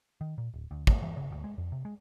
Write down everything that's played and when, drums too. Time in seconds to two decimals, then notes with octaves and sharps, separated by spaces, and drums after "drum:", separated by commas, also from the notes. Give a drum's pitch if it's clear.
0.21 D#3
0.38 A#2
0.54 D1
0.71 D2
0.87 A3, drum: kick
1.02 E3
1.17 C#3
1.32 D2
1.44 G#3
1.58 F2
1.72 C3
1.85 G#3